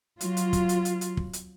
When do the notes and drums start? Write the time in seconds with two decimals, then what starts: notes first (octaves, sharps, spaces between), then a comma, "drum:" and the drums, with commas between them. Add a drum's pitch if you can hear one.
0.21 F#3 F4, drum: hi-hat
0.37 drum: hi-hat
0.53 drum: kick, hi-hat
0.69 drum: hi-hat
0.85 drum: hi-hat
1.01 drum: hi-hat
1.17 drum: kick
1.33 drum: hi-hat